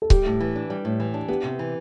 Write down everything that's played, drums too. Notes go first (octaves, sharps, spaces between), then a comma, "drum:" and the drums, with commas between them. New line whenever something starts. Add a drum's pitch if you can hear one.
A4
G3 G4, drum: kick C#1
A2
E3
D4
G3
A2
E3
D4
B3 G4
C3
E3